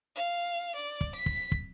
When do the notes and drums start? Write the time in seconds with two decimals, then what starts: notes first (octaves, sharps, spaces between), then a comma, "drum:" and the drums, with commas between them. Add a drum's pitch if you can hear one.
0.15 F5
0.75 D5
1.01 drum: kick
1.15 B6
1.26 drum: kick
1.52 drum: kick